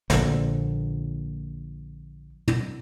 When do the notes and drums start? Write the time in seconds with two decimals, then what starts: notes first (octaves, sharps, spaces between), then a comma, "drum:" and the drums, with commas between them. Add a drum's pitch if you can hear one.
0.10 A#1 A#2 D3, drum: snare
2.48 drum: tom